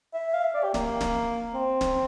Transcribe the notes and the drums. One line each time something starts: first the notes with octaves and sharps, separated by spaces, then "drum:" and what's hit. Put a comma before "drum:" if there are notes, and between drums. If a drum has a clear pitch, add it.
E5
F5
E5
D5
G4
A#3, drum: snare
drum: snare
C4
drum: snare